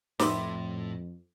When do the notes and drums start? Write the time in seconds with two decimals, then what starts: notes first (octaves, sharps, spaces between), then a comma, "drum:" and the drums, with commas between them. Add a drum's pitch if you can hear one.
0.19 F2 A2 A3 B4 C5 E5 D6, drum: snare